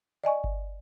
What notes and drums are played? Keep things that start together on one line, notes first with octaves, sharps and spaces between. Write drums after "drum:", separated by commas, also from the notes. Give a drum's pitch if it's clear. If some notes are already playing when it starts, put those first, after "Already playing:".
D5 D#5 G#5 C#6
drum: kick G1